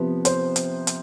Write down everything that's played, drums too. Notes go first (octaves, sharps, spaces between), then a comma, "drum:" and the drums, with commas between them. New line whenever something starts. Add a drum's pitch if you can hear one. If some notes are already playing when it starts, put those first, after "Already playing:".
Already playing: C3 F3 B3
C5, drum: hi-hat
drum: hi-hat
drum: hi-hat